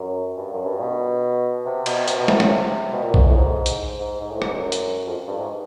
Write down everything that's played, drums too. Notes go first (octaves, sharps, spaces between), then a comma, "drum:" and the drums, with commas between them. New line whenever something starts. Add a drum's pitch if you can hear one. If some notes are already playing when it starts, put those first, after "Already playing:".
Already playing: F#2
G2
F#2
G2
B2
C3
B2, drum: cymbal
C3, drum: hi-hat
B2
C3, drum: snare
C#3, drum: snare
C3
B2
A#2
G#2, drum: kick B1
A2
G#2
drum: hi-hat
G#2
G#2
A2
G#2, drum: rim click
F#2
drum: hi-hat
F2
G2
G#2